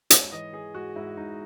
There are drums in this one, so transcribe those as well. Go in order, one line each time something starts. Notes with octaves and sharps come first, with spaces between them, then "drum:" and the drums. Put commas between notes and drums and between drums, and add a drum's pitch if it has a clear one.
G#2 C#5, drum: hi-hat
E3 D#5
E3 G#4
G#2 F#4
G#2 E4
G#2 D#4